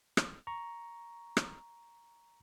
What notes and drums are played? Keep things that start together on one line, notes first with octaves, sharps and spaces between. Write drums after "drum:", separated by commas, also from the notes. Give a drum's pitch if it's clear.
drum: rim click
A#5 C#6
drum: rim click